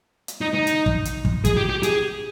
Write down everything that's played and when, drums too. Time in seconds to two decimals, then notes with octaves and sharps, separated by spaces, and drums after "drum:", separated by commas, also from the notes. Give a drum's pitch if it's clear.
0.28 drum: hi-hat
0.41 D#4
0.54 D#4
0.67 drum: hi-hat
0.86 drum: kick
1.05 drum: hi-hat
1.25 drum: kick
1.45 G#4, drum: kick, hi-hat
1.57 G4
1.70 G4
1.83 G#4, drum: hi-hat